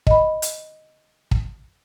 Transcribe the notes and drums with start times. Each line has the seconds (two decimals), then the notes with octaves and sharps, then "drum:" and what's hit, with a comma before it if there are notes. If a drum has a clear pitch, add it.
0.07 D#5 B5, drum: kick
0.42 drum: hi-hat
1.31 drum: kick